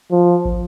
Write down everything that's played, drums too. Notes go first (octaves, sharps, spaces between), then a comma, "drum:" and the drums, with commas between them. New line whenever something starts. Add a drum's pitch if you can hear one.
F3
drum: kick